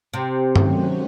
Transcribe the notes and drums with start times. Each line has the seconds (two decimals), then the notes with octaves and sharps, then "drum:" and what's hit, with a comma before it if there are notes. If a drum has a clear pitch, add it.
0.14 C3
0.56 D#3 F#3 A3 C#4 F#4, drum: tom G2